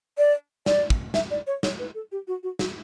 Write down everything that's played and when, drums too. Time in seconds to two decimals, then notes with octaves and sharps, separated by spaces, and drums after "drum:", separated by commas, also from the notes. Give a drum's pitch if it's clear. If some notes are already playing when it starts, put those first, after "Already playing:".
0.18 D5
0.66 D5, drum: snare
0.90 drum: kick
1.14 E5, drum: snare
1.31 D5
1.47 C#5
1.63 C#5, drum: snare
1.79 B4
1.95 A4
2.12 G4
2.28 F#4
2.43 F#4
2.59 F#4, drum: snare